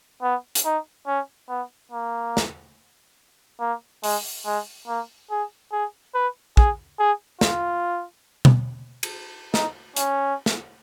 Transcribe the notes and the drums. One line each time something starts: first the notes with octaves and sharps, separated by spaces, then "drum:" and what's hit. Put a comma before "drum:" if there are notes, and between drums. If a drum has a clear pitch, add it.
B3
drum: hi-hat
D#4
C#4
B3
A#3
drum: snare
A#3
G#3, drum: open hi-hat
G#3
A#3
G#4
G#4
B4
G#4, drum: kick
G#4
F4, drum: snare
drum: tom B2
drum: cymbal
D#4, drum: snare
C#4, drum: hi-hat
drum: snare